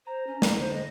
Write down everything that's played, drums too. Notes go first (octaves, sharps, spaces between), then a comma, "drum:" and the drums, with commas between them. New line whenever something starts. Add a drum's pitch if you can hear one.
C5 A#5
C#4
A#3, drum: snare
D3 C5
D#5